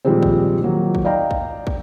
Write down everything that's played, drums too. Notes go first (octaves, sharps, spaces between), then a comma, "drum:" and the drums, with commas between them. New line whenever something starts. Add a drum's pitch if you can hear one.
A#2 D#3 F3 G3 G#3 C4
drum: kick
D#3 F#3 A#3 F4
drum: kick
D5 D#5 F5 G5 A#5
drum: kick
drum: kick